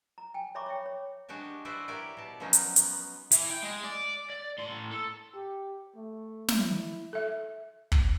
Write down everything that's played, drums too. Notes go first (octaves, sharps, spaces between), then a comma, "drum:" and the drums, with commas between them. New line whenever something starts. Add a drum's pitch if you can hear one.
A#5
G5 G#5
C#5 E5 A#5 B5 C#6 D6
C#5 E5 G5
C#5
G#3 D4 F#4 G4 A5
E4 F#4 B4 C5 D5 E5
E4 G4 A#4 C#5 D5
B2 A5
F3 F#3 G#3 B3 C#4 D#4
drum: hi-hat
B3, drum: hi-hat
E3, drum: hi-hat
G5
G#3
D5
D5
A2 C6
A4
G4
A3
drum: snare
E4
A4 E5
drum: kick